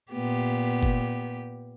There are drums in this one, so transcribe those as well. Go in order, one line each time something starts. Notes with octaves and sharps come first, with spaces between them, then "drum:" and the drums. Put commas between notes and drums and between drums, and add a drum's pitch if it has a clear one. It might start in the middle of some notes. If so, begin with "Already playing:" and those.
A#2 B3 G4
drum: kick